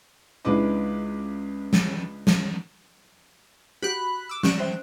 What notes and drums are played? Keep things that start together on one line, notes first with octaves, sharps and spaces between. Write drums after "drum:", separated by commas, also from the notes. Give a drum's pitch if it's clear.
C#2 G#3 D4 E4 B4 D6
drum: snare
drum: snare
F#4 G4 B5 F#6
D6 E6
C#4 G4 D5 F#6 D7 E7, drum: snare
C5 E5 G5